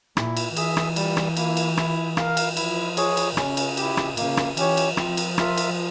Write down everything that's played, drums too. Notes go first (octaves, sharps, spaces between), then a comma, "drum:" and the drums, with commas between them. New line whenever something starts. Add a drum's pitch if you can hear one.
A#2 E4, drum: rim click
drum: cymbal
E3 G#4 E5, drum: cymbal
drum: rim click
G3, drum: cymbal
drum: rim click
A#3 E4, drum: cymbal
drum: cymbal
E4, drum: rim click
A#4 F5, drum: rim click
drum: cymbal
F3 E4, drum: cymbal
G#4 C#5, drum: cymbal
drum: cymbal
C#3 C#4, drum: rim click
drum: cymbal
E4 G4, drum: cymbal
drum: rim click
C#3 A#3, drum: cymbal
drum: rim click
E3 C#4 G4 C#5, drum: cymbal
drum: cymbal
F3 C4, drum: rim click
drum: cymbal
F4 A#4 E5, drum: rim click
drum: cymbal